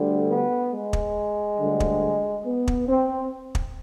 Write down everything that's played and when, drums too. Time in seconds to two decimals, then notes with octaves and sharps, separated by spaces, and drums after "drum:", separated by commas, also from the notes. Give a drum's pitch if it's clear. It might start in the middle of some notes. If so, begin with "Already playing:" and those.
Already playing: D2 D3 G3
0.28 B3
0.71 G#3
0.93 drum: kick
1.58 D2 D3 G3
1.80 drum: kick
2.45 B3
2.68 drum: kick
2.89 C4
3.55 drum: kick